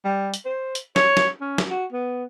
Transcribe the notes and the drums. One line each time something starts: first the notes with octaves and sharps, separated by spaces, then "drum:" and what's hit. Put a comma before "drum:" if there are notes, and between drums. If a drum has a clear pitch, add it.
G3
drum: hi-hat
C5
drum: hi-hat
C#5, drum: snare
drum: snare
C#4
drum: snare
F#4
B3